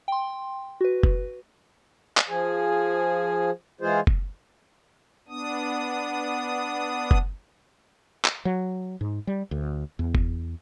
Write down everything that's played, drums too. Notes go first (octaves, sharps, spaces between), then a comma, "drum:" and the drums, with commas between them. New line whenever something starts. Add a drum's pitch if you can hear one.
G5 C6
F#4 B4
drum: kick
drum: clap
F3 G#4
E3 G#3 F4 G#4 C5
drum: kick
B3 D4 D#6
drum: kick
drum: clap
F#3
G#2
G3
D2
E2
drum: kick